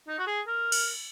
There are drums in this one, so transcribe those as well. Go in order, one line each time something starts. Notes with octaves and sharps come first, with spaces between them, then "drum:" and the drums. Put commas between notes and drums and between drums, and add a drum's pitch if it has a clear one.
D#4
F#4
G#4
A#4
drum: cymbal